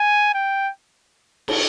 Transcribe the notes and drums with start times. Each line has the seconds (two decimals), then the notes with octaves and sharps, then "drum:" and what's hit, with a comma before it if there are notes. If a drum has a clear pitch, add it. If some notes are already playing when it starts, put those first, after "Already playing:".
Already playing: G#5
0.34 G5
1.48 drum: cymbal